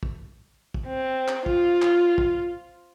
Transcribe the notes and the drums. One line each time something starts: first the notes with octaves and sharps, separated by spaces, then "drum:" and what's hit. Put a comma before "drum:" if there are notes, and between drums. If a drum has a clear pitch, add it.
drum: kick
drum: kick
C4
drum: clap
F4, drum: kick
drum: clap
drum: kick